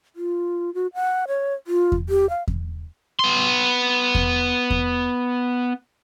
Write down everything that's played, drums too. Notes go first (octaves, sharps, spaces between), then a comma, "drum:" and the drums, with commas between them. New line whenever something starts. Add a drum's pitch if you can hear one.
F4
F#4
F#5
C#5
F4
drum: kick E2
G4
F5
drum: kick E2
B3 C6
drum: kick E2
drum: kick E2